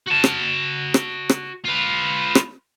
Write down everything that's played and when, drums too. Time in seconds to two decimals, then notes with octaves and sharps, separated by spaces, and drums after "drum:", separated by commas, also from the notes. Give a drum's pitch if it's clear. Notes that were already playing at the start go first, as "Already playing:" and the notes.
0.07 F#4 A5
0.24 drum: rim click
0.94 drum: rim click
1.29 drum: rim click
1.65 F4 B4
2.35 drum: rim click